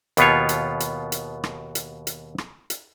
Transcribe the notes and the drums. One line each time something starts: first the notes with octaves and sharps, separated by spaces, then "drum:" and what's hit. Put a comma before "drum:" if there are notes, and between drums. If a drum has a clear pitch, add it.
D#2 B2 B3 F4 C#5, drum: hi-hat
drum: hi-hat
drum: hi-hat
drum: hi-hat
drum: rim click
drum: hi-hat
drum: hi-hat
drum: rim click
drum: hi-hat